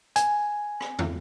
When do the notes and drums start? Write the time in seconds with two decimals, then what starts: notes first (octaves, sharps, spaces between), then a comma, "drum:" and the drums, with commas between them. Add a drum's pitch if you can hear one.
0.16 G#5, drum: hi-hat
0.80 drum: rim click
0.99 drum: tom